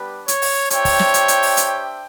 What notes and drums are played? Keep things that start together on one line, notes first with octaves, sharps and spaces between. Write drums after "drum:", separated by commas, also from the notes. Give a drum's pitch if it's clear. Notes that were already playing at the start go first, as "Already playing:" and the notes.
Already playing: G3 B3 D4 G4 B4
C#5, drum: hi-hat
drum: open hi-hat
D4 G4 C5 C#5 E5 G5, drum: hi-hat
drum: kick, open hi-hat
drum: snare
drum: hi-hat
drum: hi-hat
drum: open hi-hat
drum: hi-hat